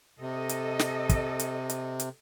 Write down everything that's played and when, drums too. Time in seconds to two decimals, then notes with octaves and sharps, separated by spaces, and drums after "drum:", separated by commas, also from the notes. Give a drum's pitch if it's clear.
0.19 C3 A4 D#5
0.49 drum: hi-hat
0.79 drum: snare
1.09 drum: kick, hi-hat
1.39 drum: hi-hat
1.70 drum: hi-hat
2.00 drum: hi-hat